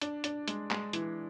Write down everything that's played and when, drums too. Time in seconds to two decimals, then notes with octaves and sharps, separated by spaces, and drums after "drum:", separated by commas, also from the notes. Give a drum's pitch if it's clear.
0.02 D4, drum: hi-hat
0.24 D4, drum: hi-hat
0.48 G#3, drum: hi-hat
0.71 G#3, drum: clap
0.93 E3, drum: hi-hat